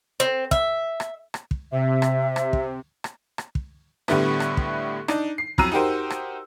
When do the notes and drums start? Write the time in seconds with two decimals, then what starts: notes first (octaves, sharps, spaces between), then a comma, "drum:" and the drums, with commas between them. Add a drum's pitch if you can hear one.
0.20 C4
0.51 E5, drum: kick
1.00 drum: rim click
1.34 drum: rim click
1.51 drum: kick
1.72 C3 E5
2.02 drum: rim click
2.36 drum: rim click
2.53 drum: kick
3.04 drum: rim click
3.38 drum: rim click
3.55 drum: kick
4.08 A2 D3 G3 A3 B3, drum: rim click
4.40 drum: rim click
4.57 drum: kick
5.08 D4 D#4, drum: rim click
5.38 C7
5.58 F2 F#3 A#5 E6 D#7, drum: kick
5.71 D#4 F#4 G4 A#4 C5
6.10 drum: rim click